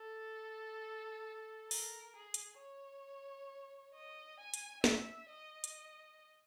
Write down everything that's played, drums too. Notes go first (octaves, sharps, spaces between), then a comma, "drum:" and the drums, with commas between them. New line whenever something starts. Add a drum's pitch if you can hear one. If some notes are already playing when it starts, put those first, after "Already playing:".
Already playing: A4
A#4, drum: open hi-hat
G#4
drum: hi-hat
C#5
D#5
G#5
drum: hi-hat
E5, drum: snare
D#5
drum: hi-hat